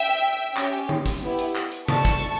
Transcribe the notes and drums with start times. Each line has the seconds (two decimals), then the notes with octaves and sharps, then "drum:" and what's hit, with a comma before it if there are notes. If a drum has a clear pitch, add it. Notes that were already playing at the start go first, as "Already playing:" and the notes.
Already playing: E5 G5
0.56 C#4 G4, drum: clap
0.89 drum: tom D3
1.06 drum: kick, hi-hat
1.22 B3 E4 G4
1.39 drum: hi-hat
1.55 drum: clap
1.72 drum: hi-hat
1.88 A3 D4 A4 A5 C#6, drum: tom C3
2.05 drum: kick, hi-hat